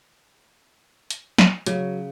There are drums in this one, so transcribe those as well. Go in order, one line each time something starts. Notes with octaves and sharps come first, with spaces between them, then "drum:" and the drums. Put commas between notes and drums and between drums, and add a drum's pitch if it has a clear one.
drum: hi-hat
drum: snare
C#3 F#3, drum: hi-hat